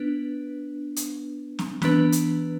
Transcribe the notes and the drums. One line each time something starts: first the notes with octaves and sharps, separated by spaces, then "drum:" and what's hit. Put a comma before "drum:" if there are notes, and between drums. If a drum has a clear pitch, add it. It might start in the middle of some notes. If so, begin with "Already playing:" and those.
Already playing: B3 D4 B4
drum: hi-hat
drum: snare
E3 B3 D4 B4, drum: snare
drum: hi-hat